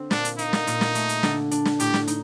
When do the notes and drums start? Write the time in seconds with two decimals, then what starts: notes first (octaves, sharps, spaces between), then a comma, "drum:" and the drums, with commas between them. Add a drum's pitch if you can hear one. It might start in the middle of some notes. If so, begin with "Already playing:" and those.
Already playing: D3 C4
0.11 A#2 D4, drum: snare
0.25 drum: hi-hat
0.38 A#3 D#4, drum: hi-hat
0.53 drum: snare
0.67 A#2, drum: hi-hat
0.81 drum: snare
0.95 A3, drum: hi-hat
1.09 drum: hi-hat
1.23 D3, drum: snare
1.51 D4, drum: hi-hat
1.65 drum: snare
1.80 A2 G4, drum: hi-hat
1.94 drum: snare
2.08 D#4, drum: hi-hat